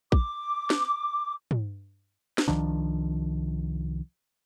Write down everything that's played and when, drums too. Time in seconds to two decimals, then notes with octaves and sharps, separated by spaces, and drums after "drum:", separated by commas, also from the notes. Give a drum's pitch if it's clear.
0.12 D6, drum: kick
0.70 drum: snare
1.51 drum: tom
2.38 drum: snare
2.48 C2 D#3 F3 D4